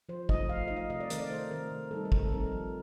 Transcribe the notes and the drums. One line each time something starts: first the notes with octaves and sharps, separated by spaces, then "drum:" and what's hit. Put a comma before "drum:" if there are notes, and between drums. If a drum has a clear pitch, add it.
F3 C5
A3 D#4 D#5, drum: kick
F3 F5
A3 D#4 D#5
F5
C3 D#5
D5
D#3 A3 A#4, drum: hi-hat
D5
C3 C5
D#3 A3 A#4
C3
D#3 G3 C4 D#4 A4
A#4
C3, drum: kick
A4
D#3 G3 C4 D#4 A#4
A4
F3